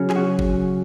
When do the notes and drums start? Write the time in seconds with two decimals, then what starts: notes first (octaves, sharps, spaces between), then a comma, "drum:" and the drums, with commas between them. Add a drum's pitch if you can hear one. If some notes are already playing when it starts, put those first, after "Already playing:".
Already playing: C#3 F#3 C#4
0.10 G#4, drum: clap
0.16 F#4
0.39 drum: kick